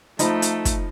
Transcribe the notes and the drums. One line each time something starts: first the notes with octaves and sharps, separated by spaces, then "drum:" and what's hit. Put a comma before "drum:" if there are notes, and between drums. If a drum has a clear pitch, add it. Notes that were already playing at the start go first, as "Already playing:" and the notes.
F3 A3 D#4 B5, drum: hi-hat
drum: hi-hat
drum: kick, hi-hat